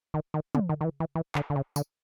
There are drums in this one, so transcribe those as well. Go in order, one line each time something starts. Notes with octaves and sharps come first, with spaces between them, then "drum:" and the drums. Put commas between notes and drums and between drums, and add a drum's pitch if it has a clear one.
D#3
D#3
D3, drum: tom
D#3
D#3
E3
E3
E3
D3, drum: clap
D3
C#3
D3, drum: tambourine